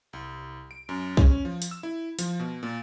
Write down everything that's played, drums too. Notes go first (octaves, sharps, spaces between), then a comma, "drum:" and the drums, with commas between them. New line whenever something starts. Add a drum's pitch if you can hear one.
C2
D7
F#2
C#4, drum: kick B1
F3
drum: hi-hat
E6
E4
F3, drum: hi-hat
B2
A#2